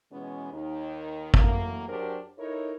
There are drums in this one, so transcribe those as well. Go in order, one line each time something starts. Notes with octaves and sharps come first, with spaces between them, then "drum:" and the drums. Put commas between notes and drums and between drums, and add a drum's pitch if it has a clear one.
B2 E3 G#3 B3 C#4
D#2 D#3
E3 F#3 A3 A#3, drum: kick
F#3 D4 G4 G#4 A#4 C5
D#4 E4 A4 A#4 C#5